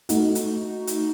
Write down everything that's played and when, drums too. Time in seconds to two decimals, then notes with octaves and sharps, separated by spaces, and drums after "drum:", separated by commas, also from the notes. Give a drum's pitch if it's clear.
0.09 A3 D#4 F#4, drum: hi-hat
0.35 drum: hi-hat
0.87 drum: hi-hat